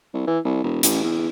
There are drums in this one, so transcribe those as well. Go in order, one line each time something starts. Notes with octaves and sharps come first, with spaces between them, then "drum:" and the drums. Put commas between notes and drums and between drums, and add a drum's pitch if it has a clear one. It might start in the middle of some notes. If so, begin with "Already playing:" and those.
C2
E3
C2
E1
A1, drum: hi-hat
E2